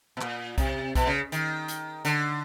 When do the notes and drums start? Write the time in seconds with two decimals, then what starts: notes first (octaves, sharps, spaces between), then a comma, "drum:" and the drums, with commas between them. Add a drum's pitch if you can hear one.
0.17 B2
0.21 A#2, drum: clap
0.58 C3, drum: kick B1, hi-hat
0.95 B2, drum: kick B1, hi-hat
1.07 C#3
1.32 D#3, drum: hi-hat
1.68 drum: hi-hat
2.05 D3, drum: hi-hat